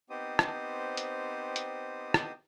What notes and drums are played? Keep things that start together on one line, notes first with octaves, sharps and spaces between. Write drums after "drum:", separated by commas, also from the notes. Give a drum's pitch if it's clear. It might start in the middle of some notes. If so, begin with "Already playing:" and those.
B3 C4 D#4 G4 C5 D#6
drum: rim click
drum: hi-hat
drum: hi-hat
drum: rim click